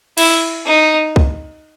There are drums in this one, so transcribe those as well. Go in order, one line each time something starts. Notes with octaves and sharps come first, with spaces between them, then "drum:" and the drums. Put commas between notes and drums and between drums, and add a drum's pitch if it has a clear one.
E4, drum: cymbal
D#4
drum: kick C2